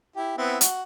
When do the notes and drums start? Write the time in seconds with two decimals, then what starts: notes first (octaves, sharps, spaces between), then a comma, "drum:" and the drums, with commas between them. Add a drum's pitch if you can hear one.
0.16 E4 G4
0.38 B3 C4 E4
0.61 F#4, drum: hi-hat